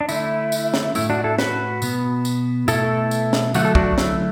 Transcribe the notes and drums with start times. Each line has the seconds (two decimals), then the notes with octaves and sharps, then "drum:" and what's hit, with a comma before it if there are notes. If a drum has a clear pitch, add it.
0.01 D4
0.09 D3 A3 E4, drum: tambourine
0.52 drum: tambourine
0.74 drum: snare
0.95 A2 A3 E4, drum: tambourine
1.10 D4 F#4
1.24 E4 A4
1.38 F#4 B4, drum: snare
1.82 B2 B3, drum: tambourine
2.25 drum: tambourine
2.68 B2 A3 E4 A4, drum: tambourine
3.11 drum: tambourine
3.33 drum: snare
3.54 D3 F#3 A3 F#4, drum: tambourine
3.65 A4
3.75 D4 F#4, drum: kick
3.98 E4, drum: snare